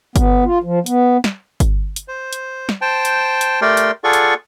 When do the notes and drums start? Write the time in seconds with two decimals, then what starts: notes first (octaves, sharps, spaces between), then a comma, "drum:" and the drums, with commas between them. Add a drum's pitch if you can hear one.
0.16 B3, drum: kick G1, hi-hat
0.45 F4
0.64 F3
0.86 B3, drum: hi-hat
1.24 drum: snare
1.60 drum: kick G1, hi-hat
1.96 drum: hi-hat
2.08 C5
2.33 drum: hi-hat
2.69 drum: snare
2.81 C5 G5 A5
3.05 drum: hi-hat
3.41 drum: hi-hat
3.62 A3 G4 A#4 D5 G5 C6
3.77 drum: hi-hat
4.04 F4 G#4 A4 D5 F#5 C#6
4.13 drum: hi-hat